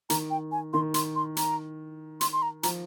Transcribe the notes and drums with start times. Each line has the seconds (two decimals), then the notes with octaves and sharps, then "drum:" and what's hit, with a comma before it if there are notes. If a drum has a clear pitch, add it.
0.10 D#3 A#5, drum: hi-hat
0.30 G5
0.52 G#5
0.73 D#3 C6
0.94 C6, drum: hi-hat
1.16 C6
1.37 A#5, drum: hi-hat
2.21 C6, drum: hi-hat
2.33 C6
2.42 A#5
2.63 F3 A#5, drum: hi-hat